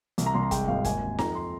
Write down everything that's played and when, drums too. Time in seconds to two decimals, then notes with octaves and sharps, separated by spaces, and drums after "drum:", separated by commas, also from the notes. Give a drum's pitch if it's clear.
0.18 C2, drum: hi-hat
0.26 A#5
0.34 C2 C6
0.43 A#5
0.51 G#3 G5, drum: kick, hi-hat
0.68 G#1 F5
0.84 D#2 G#5, drum: kick, hi-hat
1.02 D#2
1.19 F2 A#5, drum: snare
1.35 C6